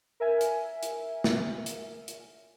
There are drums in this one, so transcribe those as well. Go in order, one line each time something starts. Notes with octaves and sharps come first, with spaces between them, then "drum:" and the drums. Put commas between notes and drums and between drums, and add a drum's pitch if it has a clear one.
A#4 E5 G#5
drum: hi-hat
drum: hi-hat
drum: snare
drum: hi-hat
drum: hi-hat